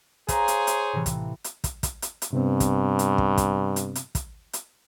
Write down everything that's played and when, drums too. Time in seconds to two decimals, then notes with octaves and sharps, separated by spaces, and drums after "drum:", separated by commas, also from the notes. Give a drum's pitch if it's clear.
0.28 G#4 C5 C#5 F5 G#5 A#5, drum: kick, hi-hat
0.48 drum: hi-hat
0.67 drum: hi-hat
0.93 A2 C3 E3
1.06 drum: kick, hi-hat
1.44 drum: hi-hat
1.64 drum: kick, hi-hat
1.83 drum: kick, hi-hat
2.02 drum: hi-hat
2.22 drum: hi-hat
2.33 G2 C3 B3 C4
2.60 drum: kick, hi-hat
2.99 drum: hi-hat
3.18 drum: kick
3.38 drum: kick, hi-hat
3.76 drum: hi-hat
3.95 drum: hi-hat
4.15 drum: kick, hi-hat
4.53 drum: hi-hat